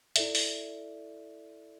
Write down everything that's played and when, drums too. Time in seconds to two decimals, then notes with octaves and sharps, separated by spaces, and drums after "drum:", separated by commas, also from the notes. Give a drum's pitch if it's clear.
0.16 E4 A4 D5 E5, drum: hi-hat
0.35 drum: open hi-hat